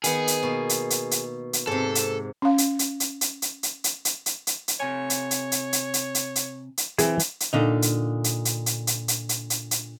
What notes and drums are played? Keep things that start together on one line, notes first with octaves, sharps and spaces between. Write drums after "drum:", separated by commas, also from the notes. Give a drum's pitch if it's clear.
D#3 B3 G#4, drum: hi-hat
drum: hi-hat
B2 A#3
drum: hi-hat
drum: hi-hat
drum: hi-hat
drum: hi-hat
G#2 C3 A4
drum: hi-hat
C#4 F5
drum: hi-hat
drum: hi-hat
drum: hi-hat
drum: hi-hat
drum: hi-hat
drum: hi-hat
drum: hi-hat
drum: hi-hat
drum: hi-hat
drum: hi-hat
drum: hi-hat
C3 C#5 G#5
drum: hi-hat
drum: hi-hat
drum: hi-hat
drum: hi-hat
drum: hi-hat
drum: hi-hat
drum: hi-hat
drum: hi-hat
E3 C4 G#4, drum: hi-hat
drum: hi-hat
drum: hi-hat
A#2 D3 D#4
drum: hi-hat
drum: hi-hat
drum: hi-hat
drum: hi-hat
drum: hi-hat
drum: hi-hat
drum: hi-hat
drum: hi-hat
drum: hi-hat